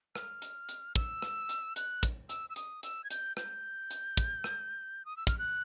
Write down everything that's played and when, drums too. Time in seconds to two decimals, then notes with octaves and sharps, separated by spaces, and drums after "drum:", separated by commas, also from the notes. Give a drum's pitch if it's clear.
0.16 F6, drum: rim click
0.42 drum: hi-hat
0.69 drum: hi-hat
0.96 E6, drum: kick
1.22 drum: rim click
1.49 drum: hi-hat
1.76 F#6, drum: hi-hat
2.03 drum: kick, hi-hat
2.29 E6, drum: hi-hat
2.50 E6
2.56 D#6, drum: hi-hat
2.83 E6, drum: hi-hat
3.04 G#6
3.11 G6, drum: hi-hat
3.37 G6, drum: rim click
3.91 drum: hi-hat
4.17 drum: kick, hi-hat
4.44 drum: rim click
5.05 D#6
5.17 E6
5.27 F6, drum: kick, hi-hat
5.39 F#6